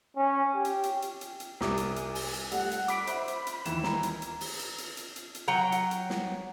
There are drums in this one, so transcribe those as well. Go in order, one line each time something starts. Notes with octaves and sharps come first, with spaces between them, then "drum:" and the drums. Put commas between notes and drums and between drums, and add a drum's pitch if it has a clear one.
C#4
G4
drum: hi-hat
drum: hi-hat
drum: hi-hat
drum: hi-hat
drum: hi-hat
C2 G4 G#5 D6, drum: snare
drum: hi-hat
drum: hi-hat
drum: open hi-hat
drum: hi-hat
G3 A3 F#5, drum: hi-hat
drum: hi-hat
B5 D6 B6 D7, drum: hi-hat
C5 E5 B5, drum: hi-hat
drum: hi-hat
drum: hi-hat
D#2 E3 E7, drum: hi-hat
A#5, drum: snare
drum: hi-hat
drum: hi-hat
drum: open hi-hat
drum: hi-hat
drum: hi-hat
drum: hi-hat
drum: hi-hat
drum: hi-hat
F#3 F#5 G5 A#5
drum: hi-hat
drum: hi-hat
drum: snare